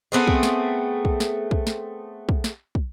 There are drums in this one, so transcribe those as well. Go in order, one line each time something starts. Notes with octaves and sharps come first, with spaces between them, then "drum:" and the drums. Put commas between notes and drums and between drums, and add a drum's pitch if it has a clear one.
A3 B3 C4 G#4
drum: kick
drum: snare
drum: kick
drum: snare
drum: kick
drum: snare
drum: kick
drum: snare
drum: kick